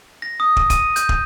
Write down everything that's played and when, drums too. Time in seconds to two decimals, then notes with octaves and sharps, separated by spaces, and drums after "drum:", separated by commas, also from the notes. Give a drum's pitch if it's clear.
0.22 A#6
0.40 D#6
0.57 drum: kick
0.70 D#7, drum: kick, hi-hat
0.96 G6, drum: hi-hat
1.09 drum: kick